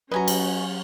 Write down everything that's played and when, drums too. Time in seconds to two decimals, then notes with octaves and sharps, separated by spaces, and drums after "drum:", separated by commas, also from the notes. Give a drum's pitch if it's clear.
0.11 F#3 C#4 F#4 B4 D#5 G#5 A#5
0.28 drum: cymbal